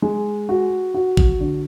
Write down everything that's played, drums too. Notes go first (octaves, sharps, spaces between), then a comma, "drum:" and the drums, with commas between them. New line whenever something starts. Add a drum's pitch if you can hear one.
G#3
F#4
F#4
drum: kick A1
D3